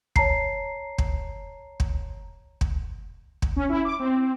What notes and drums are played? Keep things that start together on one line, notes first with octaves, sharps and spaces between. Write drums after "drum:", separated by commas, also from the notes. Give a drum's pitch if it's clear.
C#5 A5 A#5 C7, drum: kick
drum: kick
drum: kick
drum: kick
drum: kick
C#4
E4
D6
C4